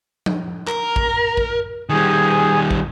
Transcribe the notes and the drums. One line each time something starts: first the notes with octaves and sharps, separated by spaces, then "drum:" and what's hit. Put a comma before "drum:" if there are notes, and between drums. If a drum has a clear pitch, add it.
drum: tom F3
A#4, drum: clap
drum: kick
drum: kick
D#3 G3 G#4 G#5
drum: kick